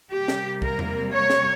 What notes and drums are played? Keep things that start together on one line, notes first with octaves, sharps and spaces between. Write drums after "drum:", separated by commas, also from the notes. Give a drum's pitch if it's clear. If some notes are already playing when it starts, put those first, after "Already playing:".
C3 G3 A#3 G4
drum: snare
A#4, drum: kick
drum: tom E2
C#5
drum: snare